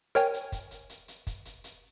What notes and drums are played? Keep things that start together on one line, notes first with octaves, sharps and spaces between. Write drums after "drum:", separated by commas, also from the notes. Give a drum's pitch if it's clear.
A#4 C#5 G5 G#5, drum: hi-hat
drum: hi-hat
drum: kick, hi-hat
drum: hi-hat
drum: hi-hat
drum: hi-hat
drum: kick, hi-hat
drum: hi-hat
drum: hi-hat